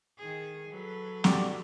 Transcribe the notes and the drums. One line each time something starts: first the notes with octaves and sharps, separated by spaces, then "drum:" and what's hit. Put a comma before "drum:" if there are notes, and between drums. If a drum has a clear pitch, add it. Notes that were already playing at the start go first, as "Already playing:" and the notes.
D#3 G#4
F#3 A4 B4
F#4 G4 D5, drum: snare